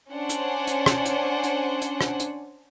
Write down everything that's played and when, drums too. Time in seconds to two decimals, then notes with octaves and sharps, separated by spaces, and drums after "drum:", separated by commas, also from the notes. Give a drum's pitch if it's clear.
0.10 C#4 D4 C5 F#5 G#5
0.29 drum: hi-hat
0.67 drum: hi-hat
0.86 drum: rim click
1.05 drum: hi-hat
1.43 drum: hi-hat
1.82 drum: hi-hat
2.01 drum: rim click
2.20 drum: hi-hat